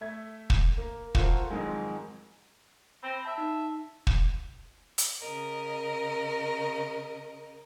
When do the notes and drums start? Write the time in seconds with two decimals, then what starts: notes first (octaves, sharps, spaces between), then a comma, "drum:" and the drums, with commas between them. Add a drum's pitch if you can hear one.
0.01 A3 E5 G#6
0.50 drum: kick
0.78 A#3
1.15 F4 F#4 A4 A#4 C5, drum: kick
1.50 F2 G#2 D#3 F#3 G#3
3.03 C4 B5 A#6
3.25 E5 A5
3.38 D#4
4.07 drum: kick
4.98 drum: hi-hat
5.20 C#3 A#4 D#5